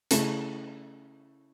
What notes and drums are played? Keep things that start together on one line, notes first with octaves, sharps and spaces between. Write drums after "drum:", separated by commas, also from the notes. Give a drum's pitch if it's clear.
C#3 A3 E4, drum: hi-hat